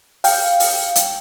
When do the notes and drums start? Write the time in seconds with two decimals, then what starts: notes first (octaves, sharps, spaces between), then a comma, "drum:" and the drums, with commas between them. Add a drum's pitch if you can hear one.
0.24 F5 G5, drum: open hi-hat
0.60 drum: open hi-hat
0.95 drum: hi-hat